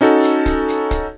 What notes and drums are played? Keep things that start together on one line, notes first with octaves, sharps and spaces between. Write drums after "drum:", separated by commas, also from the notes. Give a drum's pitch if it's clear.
C#4 D#4 F#4 A4
drum: hi-hat
drum: kick, hi-hat
drum: hi-hat
drum: kick, hi-hat